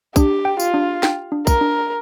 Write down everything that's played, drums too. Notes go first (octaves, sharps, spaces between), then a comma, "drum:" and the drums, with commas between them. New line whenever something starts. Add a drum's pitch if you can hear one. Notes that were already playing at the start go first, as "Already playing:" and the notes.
D4 G4, drum: kick, tambourine
G5
F4, drum: tambourine
D4
G5, drum: snare
D4
A#4, drum: kick, tambourine
D4